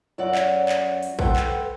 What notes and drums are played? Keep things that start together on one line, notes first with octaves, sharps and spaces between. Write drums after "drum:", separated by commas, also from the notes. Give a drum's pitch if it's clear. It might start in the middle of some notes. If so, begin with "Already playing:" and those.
F#2 F#3 F#4 D5 F#5
drum: clap
drum: clap
drum: open hi-hat
A4 B4 C5 F#5 G5, drum: kick
drum: clap